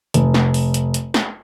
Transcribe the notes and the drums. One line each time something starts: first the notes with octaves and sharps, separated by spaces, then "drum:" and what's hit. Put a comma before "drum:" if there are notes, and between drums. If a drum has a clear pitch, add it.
F1, drum: hi-hat
drum: snare
drum: open hi-hat
drum: hi-hat
drum: hi-hat
drum: snare